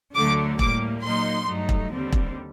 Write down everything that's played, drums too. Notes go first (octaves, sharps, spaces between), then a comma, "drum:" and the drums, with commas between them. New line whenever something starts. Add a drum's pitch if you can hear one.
D2 D3 F#3 A3 D6
A2 G3 A#3 D6, drum: kick E1
A#2 F#3 A#3 D#4 C6
G2 F#3 A3 D#4
drum: kick E1
D#2 D3 G3 C4
drum: kick E1